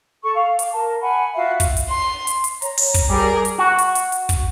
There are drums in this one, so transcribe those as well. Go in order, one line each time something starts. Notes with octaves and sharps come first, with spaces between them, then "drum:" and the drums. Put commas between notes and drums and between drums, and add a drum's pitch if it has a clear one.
A4 C#6
F5
D6, drum: hi-hat
A#4 A5
F#5 G#5 B5 C#6
F4 F#4 E5 F5
drum: kick, hi-hat
drum: hi-hat
C6
drum: hi-hat
drum: hi-hat
C#5 A#5, drum: hi-hat
drum: open hi-hat
drum: kick, hi-hat
G3 G#4 A#4 D6
drum: hi-hat
F#4
drum: hi-hat
drum: hi-hat
drum: hi-hat
drum: kick, hi-hat